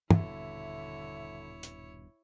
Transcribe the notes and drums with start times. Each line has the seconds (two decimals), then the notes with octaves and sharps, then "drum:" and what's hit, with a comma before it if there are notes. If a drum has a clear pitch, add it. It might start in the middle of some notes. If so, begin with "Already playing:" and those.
0.11 D#1 G2 B2 D3 E4 C#5 E5, drum: tom
1.63 drum: hi-hat